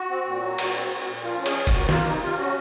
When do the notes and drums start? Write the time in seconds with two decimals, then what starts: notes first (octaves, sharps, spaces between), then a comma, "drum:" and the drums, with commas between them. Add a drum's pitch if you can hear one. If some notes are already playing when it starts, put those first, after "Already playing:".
Already playing: F#4
0.09 C4
0.26 A#2
0.42 F#3
0.58 A#2, drum: cymbal
0.74 C4
0.91 A#2
1.07 A#2
1.24 F3 F4
1.39 C#4
1.46 G#4, drum: cymbal
1.56 F3
1.67 F#4, drum: kick, cymbal
1.72 A#3
1.89 A#3 F4, drum: snare
2.05 C3 D#4
2.21 C3 F4
2.37 C#4 F#4